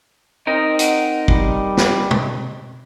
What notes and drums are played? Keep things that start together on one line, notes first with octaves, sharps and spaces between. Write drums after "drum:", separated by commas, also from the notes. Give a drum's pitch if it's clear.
C4 D#4 A#4 D#5
F#5, drum: hi-hat
G3, drum: kick
drum: snare
drum: tom